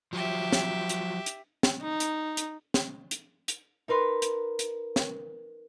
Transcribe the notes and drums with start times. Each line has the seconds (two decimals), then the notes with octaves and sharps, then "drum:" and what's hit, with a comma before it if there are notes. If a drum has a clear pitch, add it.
0.13 F3 F#3 G4 E5
0.52 drum: snare
0.89 drum: hi-hat
1.26 drum: hi-hat
1.63 drum: snare
1.82 D#4
2.00 drum: hi-hat
2.37 drum: hi-hat
2.74 drum: snare
3.11 drum: hi-hat
3.48 drum: hi-hat
3.88 D#4 A#4 B4 C6
4.22 drum: hi-hat
4.59 drum: hi-hat
4.96 drum: snare